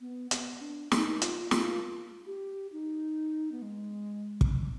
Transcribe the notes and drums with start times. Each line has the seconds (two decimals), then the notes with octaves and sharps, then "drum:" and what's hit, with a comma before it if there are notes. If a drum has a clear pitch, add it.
0.01 B3
0.31 B3, drum: hi-hat
0.61 D4
0.92 D#4, drum: snare
1.22 F4, drum: hi-hat
1.51 F4, drum: snare
2.27 G4
2.72 D#4
3.52 B3
3.62 G#3
4.41 drum: kick